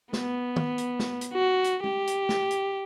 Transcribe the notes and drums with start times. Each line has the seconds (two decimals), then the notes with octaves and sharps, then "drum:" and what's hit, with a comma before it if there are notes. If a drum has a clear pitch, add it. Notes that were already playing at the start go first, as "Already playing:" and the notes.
0.13 B3, drum: snare
0.56 drum: tom
0.78 drum: hi-hat
0.99 drum: snare
1.21 drum: hi-hat
1.34 F#4
1.64 drum: hi-hat
1.84 G4, drum: tom
2.07 drum: hi-hat
2.29 drum: snare
2.51 drum: hi-hat